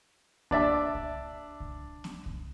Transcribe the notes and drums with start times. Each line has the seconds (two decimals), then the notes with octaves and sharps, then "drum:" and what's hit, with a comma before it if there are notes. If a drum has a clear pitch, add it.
0.51 D4 D5 E5 A5, drum: kick C2
0.95 drum: kick C2
1.60 drum: kick C2
2.04 drum: snare B3
2.26 drum: kick C2